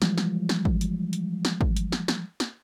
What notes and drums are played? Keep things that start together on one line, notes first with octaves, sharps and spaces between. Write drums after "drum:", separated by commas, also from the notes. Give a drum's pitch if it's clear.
E3 F3 G3 G#3, drum: snare
drum: snare
drum: snare
drum: kick
drum: hi-hat
drum: hi-hat
drum: snare
drum: kick
drum: hi-hat
drum: snare
drum: snare
drum: snare